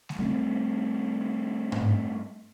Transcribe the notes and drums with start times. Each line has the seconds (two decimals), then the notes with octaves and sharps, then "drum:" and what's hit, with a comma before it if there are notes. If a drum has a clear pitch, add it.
0.09 drum: snare G#3
0.19 G3 A3 C4
1.72 drum: tom G#2